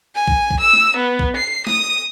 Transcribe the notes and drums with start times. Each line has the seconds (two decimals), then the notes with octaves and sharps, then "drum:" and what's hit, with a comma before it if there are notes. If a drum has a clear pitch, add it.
0.15 G#5
0.28 drum: kick
0.51 drum: kick
0.60 E6
0.73 drum: snare
0.96 B3
1.19 drum: kick
1.36 C7
1.67 D#6, drum: snare